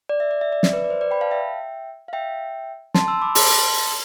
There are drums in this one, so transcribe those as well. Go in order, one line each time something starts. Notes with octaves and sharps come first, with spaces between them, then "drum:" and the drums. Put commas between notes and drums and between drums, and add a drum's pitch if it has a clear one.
D5
E5
D5
E5
D5
E5, drum: snare
B4 D5
D5
C5
B4 D5
G5 B5
F5 A5
E5 G5
F5
E5 G5
A5 C6, drum: snare
C6 E6
B5 D6
A5 C6, drum: open hi-hat